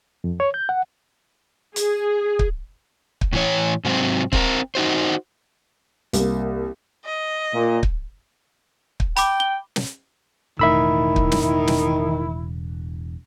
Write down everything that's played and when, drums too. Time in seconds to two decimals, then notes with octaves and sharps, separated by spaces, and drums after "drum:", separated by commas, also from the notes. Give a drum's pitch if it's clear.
0.24 F2
0.40 C#5
0.54 G6
0.69 F#5
1.76 G#4, drum: hi-hat
2.39 drum: kick
3.21 drum: kick
3.33 A2 E3 C#5
3.84 G#2 C3 F#3 C4
4.33 C4 A4 A#4, drum: kick
4.75 D#4 F#4 C5
6.13 C2 A#3, drum: hi-hat
7.05 D#5
7.54 A#2
7.83 drum: kick
9.00 drum: kick
9.17 G5 B5 D6, drum: hi-hat
9.40 G7
9.76 drum: snare
10.59 E1 A2 D#3 E4 E5 B5 E6
11.16 drum: kick
11.32 drum: snare
11.67 drum: snare